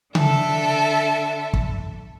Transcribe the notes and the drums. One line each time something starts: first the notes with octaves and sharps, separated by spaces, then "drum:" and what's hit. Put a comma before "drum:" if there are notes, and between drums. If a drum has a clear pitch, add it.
D3 A4 E5, drum: tom C#3
drum: kick